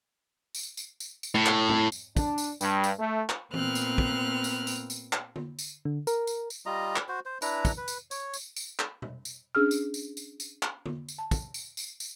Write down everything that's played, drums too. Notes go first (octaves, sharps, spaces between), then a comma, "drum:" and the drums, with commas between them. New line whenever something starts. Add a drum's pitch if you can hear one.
drum: tambourine
drum: tambourine
drum: tambourine
drum: tambourine
A2
drum: clap
drum: tom G#2
drum: tambourine
D4, drum: kick, tambourine
drum: tambourine
G2, drum: tambourine
drum: tambourine
A3
drum: clap
A#2 B3 C4 F6 F#6, drum: tom E3
drum: tambourine
drum: kick
drum: tambourine
drum: tambourine
drum: tambourine
drum: clap
drum: tom
drum: tambourine
D3
A#4, drum: tambourine
drum: tambourine
drum: tambourine
G3 F4 D#5 A#5
drum: clap
F#4 C5
C5
D4 E4 B4 A#5, drum: tambourine
drum: kick, tambourine
B4
drum: tambourine
C#5, drum: tambourine
drum: tambourine
drum: tambourine
drum: clap
drum: tom B2
drum: tambourine
C#4 D4 G#4 E6 F6
drum: tambourine
drum: tambourine
drum: tambourine
drum: tambourine
drum: clap
drum: tom
drum: tambourine
A5
drum: kick, tambourine
drum: tambourine
drum: tambourine
drum: tambourine